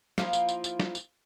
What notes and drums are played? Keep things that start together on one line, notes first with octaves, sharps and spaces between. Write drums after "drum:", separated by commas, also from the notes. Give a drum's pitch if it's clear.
F3 A#3 E4 F4, drum: snare
drum: tambourine
drum: tambourine
drum: tambourine
drum: snare
drum: tambourine